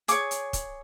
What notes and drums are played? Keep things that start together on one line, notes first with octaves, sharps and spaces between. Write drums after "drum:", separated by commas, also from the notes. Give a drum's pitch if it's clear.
G#4 C#5 D6, drum: hi-hat
drum: hi-hat
drum: kick, hi-hat